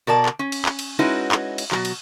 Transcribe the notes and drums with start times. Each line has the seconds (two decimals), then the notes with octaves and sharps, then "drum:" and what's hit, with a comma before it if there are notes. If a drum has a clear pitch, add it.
0.07 B2 A#4 D5 A5
0.26 drum: clap
0.39 C#4
0.52 drum: cymbal
0.65 drum: clap
0.79 drum: cymbal
0.99 G#3 C#4 D#4 E4 F#4 B4
1.32 drum: clap
1.58 drum: cymbal
1.72 B2 F#3, drum: clap
1.85 drum: cymbal